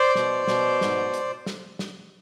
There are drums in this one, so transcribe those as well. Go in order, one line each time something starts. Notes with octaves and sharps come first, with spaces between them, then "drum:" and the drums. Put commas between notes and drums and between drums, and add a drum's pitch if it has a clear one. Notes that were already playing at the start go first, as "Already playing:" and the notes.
Already playing: C5 D5
B2, drum: snare
B2, drum: snare
G#2, drum: snare
drum: hi-hat
drum: snare
drum: snare